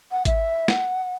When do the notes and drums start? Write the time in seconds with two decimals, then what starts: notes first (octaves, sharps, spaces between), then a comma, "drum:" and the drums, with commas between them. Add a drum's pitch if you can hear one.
0.11 F#5
0.25 E5, drum: kick G#1, hi-hat
0.68 F#5, drum: snare